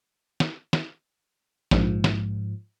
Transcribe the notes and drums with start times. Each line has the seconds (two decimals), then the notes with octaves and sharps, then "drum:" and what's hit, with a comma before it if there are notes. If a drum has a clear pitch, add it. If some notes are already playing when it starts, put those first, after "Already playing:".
0.40 drum: snare
0.73 drum: snare
1.71 A#1 G#2 F3, drum: snare
2.04 drum: snare